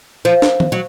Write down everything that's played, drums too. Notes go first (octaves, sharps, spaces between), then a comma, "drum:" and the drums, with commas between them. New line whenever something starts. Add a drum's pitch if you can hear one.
F3
drum: snare
drum: tom D#3
F#3